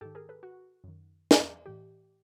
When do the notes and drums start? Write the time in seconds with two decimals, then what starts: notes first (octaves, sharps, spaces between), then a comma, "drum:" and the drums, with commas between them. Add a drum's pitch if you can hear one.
0.01 G#2 D#3 G4 A4
0.15 G#4 A#4
0.29 A4 B4
0.43 F#4
0.84 F#2 D#3
1.31 drum: snare
1.66 A2 E3 G4